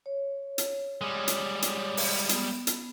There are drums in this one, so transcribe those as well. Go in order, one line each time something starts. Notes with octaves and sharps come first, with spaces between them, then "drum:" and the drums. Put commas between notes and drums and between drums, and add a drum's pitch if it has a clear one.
C#5
drum: hi-hat
G3 G#3
drum: hi-hat
drum: hi-hat
drum: open hi-hat
B3, drum: hi-hat
drum: hi-hat